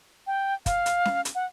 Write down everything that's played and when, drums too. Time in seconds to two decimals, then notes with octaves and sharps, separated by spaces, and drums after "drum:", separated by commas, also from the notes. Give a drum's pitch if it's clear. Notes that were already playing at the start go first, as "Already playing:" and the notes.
0.27 G5
0.66 F5, drum: kick, hi-hat
0.86 drum: hi-hat
1.05 drum: snare C#4
1.25 drum: hi-hat
1.35 F#5